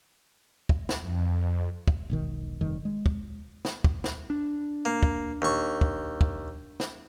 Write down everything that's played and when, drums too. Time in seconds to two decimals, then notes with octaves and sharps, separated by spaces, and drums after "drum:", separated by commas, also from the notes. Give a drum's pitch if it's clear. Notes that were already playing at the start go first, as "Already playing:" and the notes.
0.69 drum: kick
0.89 drum: snare
1.00 F2
1.88 drum: kick
2.10 E1 B1 D#3
2.61 F1 G2 D#3
2.85 G#3
3.06 drum: kick
3.65 drum: snare
3.84 drum: kick
4.04 drum: snare
4.30 D4
4.85 A#3
5.03 drum: kick
5.42 D#2 C#6
5.81 drum: kick
6.21 drum: kick
6.80 drum: snare